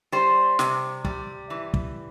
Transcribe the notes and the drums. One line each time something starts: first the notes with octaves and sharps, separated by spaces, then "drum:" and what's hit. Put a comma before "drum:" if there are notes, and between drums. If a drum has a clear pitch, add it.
G3 C5
C3, drum: snare
G3, drum: kick
E3
drum: kick